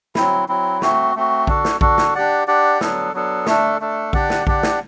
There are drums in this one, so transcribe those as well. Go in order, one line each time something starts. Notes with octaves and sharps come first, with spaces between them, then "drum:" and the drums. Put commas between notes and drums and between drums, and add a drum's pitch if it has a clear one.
F#3 C4 E4, drum: snare
F#3 C4 E4
A3 C4 F#4, drum: snare
A3 C4 F#4
D4 F#4 A4, drum: kick A#1
drum: snare
D4 F#4 A4, drum: kick A#1
drum: snare
D4 G4 D5 F#5
D4 G4 D5 F#5
F#3 B3 D4 A4, drum: snare
F#3 B3 D4 A4
A3 D4 A4, drum: snare
A3 D4 A4
D4 G4 D5 F#5, drum: kick A#1
drum: snare
D4 G4 D5 F#5, drum: kick A#1
drum: snare